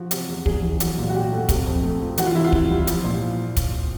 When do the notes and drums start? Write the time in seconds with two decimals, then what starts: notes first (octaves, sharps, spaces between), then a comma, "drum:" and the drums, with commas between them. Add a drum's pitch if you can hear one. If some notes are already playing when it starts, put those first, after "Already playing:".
Already playing: F3 F#4
0.11 C3, drum: hi-hat
0.28 E2
0.46 E2 G#4, drum: kick
0.62 E3
0.80 F#3, drum: hi-hat
0.98 A#2
1.09 F#4
1.14 A#2 G4
1.32 A3
1.49 C3, drum: kick, hi-hat
1.66 F2
1.84 A3
2.01 F3
2.18 E3 F#4, drum: hi-hat
2.27 F4
2.35 C3 E4
2.45 F4
2.52 C3, drum: kick
2.70 G3
2.87 F3, drum: hi-hat
3.04 A#2
3.57 drum: kick, hi-hat